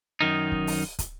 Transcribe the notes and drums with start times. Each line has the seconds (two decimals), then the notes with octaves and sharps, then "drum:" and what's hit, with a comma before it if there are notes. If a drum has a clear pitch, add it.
0.21 F#2 D#3 D#4
0.52 drum: kick
0.67 drum: open hi-hat
0.99 drum: kick, hi-hat